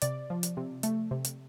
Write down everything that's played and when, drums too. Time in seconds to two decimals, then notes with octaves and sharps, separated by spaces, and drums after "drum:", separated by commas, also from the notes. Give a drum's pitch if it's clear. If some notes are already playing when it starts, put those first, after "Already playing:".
0.02 C3 D5, drum: hi-hat
0.30 F3
0.43 drum: hi-hat
0.57 C3
0.83 A3, drum: hi-hat
1.11 C3
1.25 drum: hi-hat